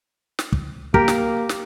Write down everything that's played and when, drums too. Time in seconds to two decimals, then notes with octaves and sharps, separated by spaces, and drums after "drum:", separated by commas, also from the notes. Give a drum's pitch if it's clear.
0.39 drum: snare
0.52 drum: kick
0.94 A#3 G4 A#4, drum: kick
1.08 drum: snare
1.49 drum: snare